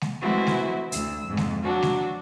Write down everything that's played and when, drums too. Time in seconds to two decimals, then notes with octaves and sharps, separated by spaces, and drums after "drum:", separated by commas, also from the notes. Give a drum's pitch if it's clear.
0.01 drum: snare G#3
0.21 E3 G#3 A3 C4 E4 F#4
0.47 drum: snare G#3
0.92 D2 E6, drum: hi-hat
1.27 F2 G#2
1.37 drum: snare G#3
1.64 F3 F#3 D4 F#4
1.83 drum: snare G#3